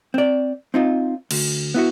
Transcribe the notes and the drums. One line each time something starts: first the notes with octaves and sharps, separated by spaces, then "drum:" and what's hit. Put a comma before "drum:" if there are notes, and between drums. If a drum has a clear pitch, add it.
C4 D5
C4 D#4 F4
D2, drum: cymbal
B3 E4 F#4